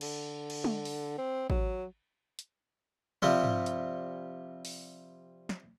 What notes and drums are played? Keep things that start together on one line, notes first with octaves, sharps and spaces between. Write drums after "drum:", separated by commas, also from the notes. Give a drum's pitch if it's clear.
D3, drum: cymbal
drum: cymbal
drum: tom
drum: open hi-hat
C4
F#3, drum: kick A1
drum: hi-hat
C3 F3 G3 C4, drum: tom
drum: tom
drum: hi-hat
drum: open hi-hat
drum: snare